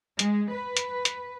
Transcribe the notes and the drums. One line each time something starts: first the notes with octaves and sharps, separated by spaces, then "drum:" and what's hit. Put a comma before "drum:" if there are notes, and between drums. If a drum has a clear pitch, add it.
G#3, drum: hi-hat
B4
drum: hi-hat
drum: hi-hat